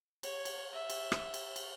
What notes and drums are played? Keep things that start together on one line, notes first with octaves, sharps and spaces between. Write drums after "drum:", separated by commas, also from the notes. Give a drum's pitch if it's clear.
C#5, drum: cymbal
drum: cymbal
E5
drum: cymbal
drum: rim click
drum: cymbal
drum: cymbal